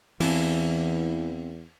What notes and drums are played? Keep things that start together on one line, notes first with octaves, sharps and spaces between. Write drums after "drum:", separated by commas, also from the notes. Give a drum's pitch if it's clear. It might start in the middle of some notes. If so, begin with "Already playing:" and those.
E2 E3 C4 F5 A5, drum: open hi-hat